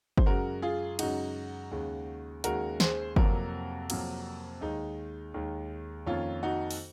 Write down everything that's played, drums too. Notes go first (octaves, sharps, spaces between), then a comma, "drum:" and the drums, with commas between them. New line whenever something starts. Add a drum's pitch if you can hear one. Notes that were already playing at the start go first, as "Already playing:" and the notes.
C5, drum: kick G1
F#2 C#3 G#3 F#4 A#4
F4 G#4
F#2 C#3 G#3 D#4 F#4, drum: cymbal
D#2 C#3 G#3
D#2 C#3 G#3 F#4 A#4, drum: hi-hat
G#4 C5, drum: snare
F2 C3 F#3 A#3 F#4 A#4, drum: kick G1
F2 C3 F#3 A#3, drum: cymbal
D#2 D#3 G#3 D#4
D#2 D#3 G#3
F2 D#3 A#3 C#4 F4
D#4 F#4
drum: open hi-hat